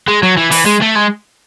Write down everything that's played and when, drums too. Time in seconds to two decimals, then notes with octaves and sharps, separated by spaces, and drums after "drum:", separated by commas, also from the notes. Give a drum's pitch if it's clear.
0.08 G#3
0.23 F#3
0.37 E3
0.52 E3, drum: open hi-hat
0.66 G#3
0.82 A3
0.96 G#3